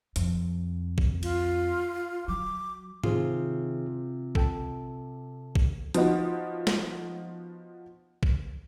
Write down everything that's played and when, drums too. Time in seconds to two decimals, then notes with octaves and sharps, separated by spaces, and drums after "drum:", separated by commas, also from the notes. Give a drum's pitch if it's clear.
0.16 F2, drum: hi-hat
0.98 drum: kick
1.23 F4, drum: cymbal
2.28 F#3 D6
3.04 C3 D#3 F4 G#4 C5, drum: tom G#2
4.35 A4 G5 A5, drum: kick
5.55 drum: kick
5.94 F3 B3 D#4 F#4, drum: hi-hat
6.67 drum: snare
8.23 drum: kick